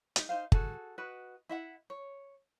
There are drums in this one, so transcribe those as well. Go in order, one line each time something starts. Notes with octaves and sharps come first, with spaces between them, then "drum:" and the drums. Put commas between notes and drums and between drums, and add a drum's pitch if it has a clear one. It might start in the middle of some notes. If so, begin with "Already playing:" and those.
D#4 G4, drum: hi-hat
D#4 F4 C5 F5
F#4 G#4 A4, drum: kick G1
F#4 B4 D#5
E4 E5 F#5
C#5